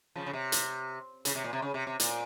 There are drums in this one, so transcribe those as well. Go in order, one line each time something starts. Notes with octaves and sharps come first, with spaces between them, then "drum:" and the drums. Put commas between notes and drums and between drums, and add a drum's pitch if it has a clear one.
C#3 F3
C#3
C3
drum: hi-hat
C#3, drum: hi-hat
C3
A#2
C3
C#3
C3
C3
A#2, drum: hi-hat